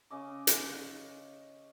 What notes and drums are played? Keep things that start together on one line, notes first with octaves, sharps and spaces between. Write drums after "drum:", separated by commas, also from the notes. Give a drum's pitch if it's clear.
C#3 C#4 D#5 D6
drum: hi-hat